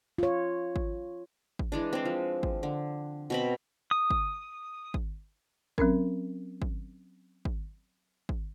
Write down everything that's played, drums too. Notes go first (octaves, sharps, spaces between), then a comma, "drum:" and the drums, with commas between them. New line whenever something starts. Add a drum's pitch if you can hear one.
F4 C#5
drum: kick
drum: kick
E3 G#3 D4
G#3 C4
F3
drum: kick
D3
B2 C4 B5
D#6
drum: kick
drum: kick
F#3 C4 C#4 A#4, drum: kick
drum: kick
drum: kick
drum: kick